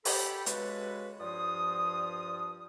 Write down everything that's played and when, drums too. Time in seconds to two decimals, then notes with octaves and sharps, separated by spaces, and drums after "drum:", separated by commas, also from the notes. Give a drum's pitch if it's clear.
0.05 G4 A4 B5, drum: open hi-hat
0.46 C#3 G#3 F#4 A4 B4, drum: hi-hat
1.20 G2 F3 F4 D#6